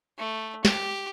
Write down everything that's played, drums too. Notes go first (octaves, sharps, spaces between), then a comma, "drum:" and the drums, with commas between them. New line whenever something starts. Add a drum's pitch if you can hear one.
A3
G4, drum: snare